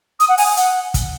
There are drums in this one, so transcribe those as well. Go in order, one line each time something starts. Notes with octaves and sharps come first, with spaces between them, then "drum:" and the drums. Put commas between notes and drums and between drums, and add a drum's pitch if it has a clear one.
D#6, drum: hi-hat
F#5
G#5, drum: open hi-hat
F#5, drum: hi-hat
drum: kick, hi-hat